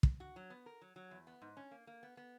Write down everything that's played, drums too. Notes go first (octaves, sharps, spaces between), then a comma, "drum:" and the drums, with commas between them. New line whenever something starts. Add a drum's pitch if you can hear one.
drum: kick
F#4
F#3
B3
A#4
F#3
F#3
E2
B3
G#2
C#4
A#3
A#3
B3
B3